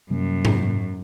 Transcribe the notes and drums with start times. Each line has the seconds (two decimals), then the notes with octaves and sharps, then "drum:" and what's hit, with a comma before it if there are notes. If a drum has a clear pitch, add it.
0.11 F#2 C3 G3 A#3
0.45 drum: tom G#2